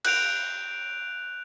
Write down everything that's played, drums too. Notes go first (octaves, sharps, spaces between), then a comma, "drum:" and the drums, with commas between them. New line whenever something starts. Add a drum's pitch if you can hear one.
F#6 G6 D7 F7, drum: cymbal